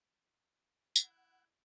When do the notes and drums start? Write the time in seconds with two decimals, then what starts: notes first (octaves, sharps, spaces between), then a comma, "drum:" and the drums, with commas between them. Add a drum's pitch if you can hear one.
0.96 E4 F#5, drum: tambourine